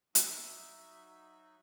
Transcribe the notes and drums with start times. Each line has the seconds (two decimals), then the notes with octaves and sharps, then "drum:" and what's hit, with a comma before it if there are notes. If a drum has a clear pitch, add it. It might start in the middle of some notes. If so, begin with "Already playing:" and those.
0.15 F#3 D#4 F#4 E5, drum: hi-hat